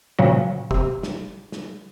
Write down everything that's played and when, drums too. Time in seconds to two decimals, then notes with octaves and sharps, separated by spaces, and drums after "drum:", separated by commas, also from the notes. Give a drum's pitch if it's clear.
0.19 A#2 C#3 F3 F#3 F#4
0.71 C3, drum: kick
1.03 drum: snare
1.52 drum: snare